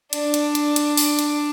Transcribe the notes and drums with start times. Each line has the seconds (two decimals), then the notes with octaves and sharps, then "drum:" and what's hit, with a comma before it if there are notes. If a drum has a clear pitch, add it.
0.13 D4, drum: hi-hat
0.34 drum: hi-hat
0.55 drum: hi-hat
0.76 drum: hi-hat
0.97 drum: open hi-hat
1.19 drum: hi-hat